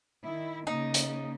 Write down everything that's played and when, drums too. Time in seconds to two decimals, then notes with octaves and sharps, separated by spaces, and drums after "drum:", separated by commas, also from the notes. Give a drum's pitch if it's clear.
0.24 D#3 E4
0.67 C#3 A#3 D#4
0.94 drum: hi-hat